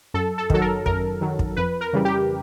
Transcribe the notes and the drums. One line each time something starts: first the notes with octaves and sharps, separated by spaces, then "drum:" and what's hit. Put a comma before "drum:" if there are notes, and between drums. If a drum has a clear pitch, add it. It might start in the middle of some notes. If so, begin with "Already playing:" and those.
F#2 A4
A4
D#3 F#3 A4, drum: kick
A#4
F#2 A#4, drum: kick
D#3 F#3
drum: kick
F2 B4
A#4
C#3 E3 G3
G4